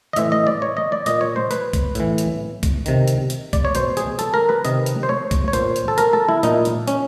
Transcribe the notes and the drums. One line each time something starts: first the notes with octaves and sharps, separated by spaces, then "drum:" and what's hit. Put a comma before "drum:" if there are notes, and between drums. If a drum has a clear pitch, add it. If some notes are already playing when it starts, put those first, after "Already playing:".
D#5
A2 E3 E5, drum: hi-hat
D#5
D5
C#5
D#5
D5
A#2 D#5, drum: hi-hat
C#5
C5
B4, drum: hi-hat
drum: kick, hi-hat
A2 E3, drum: hi-hat
drum: hi-hat
drum: kick, hi-hat
C3 D#3, drum: hi-hat
drum: hi-hat
drum: hi-hat
D5, drum: kick, hi-hat
C#5
B2 C5, drum: hi-hat
G#4, drum: hi-hat
A4, drum: hi-hat
A#4
B4
C3 D#3 D#5, drum: hi-hat
drum: hi-hat
C5
C#5
drum: kick, hi-hat
C#5
A#2 C5, drum: hi-hat
drum: hi-hat
A4
A#4, drum: hi-hat
A4
E4
A#2 D#4, drum: hi-hat
drum: hi-hat
C#4, drum: hi-hat